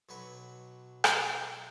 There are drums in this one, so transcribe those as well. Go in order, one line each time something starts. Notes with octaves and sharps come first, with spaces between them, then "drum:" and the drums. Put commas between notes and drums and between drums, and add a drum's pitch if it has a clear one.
B1 F#3 B4 C#6
drum: rim click